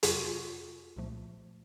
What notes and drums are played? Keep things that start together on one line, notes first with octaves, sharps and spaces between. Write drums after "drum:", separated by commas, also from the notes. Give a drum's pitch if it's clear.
F2 C3 F#3 F4, drum: hi-hat
F#4
F4
C2 A#2 F3 A3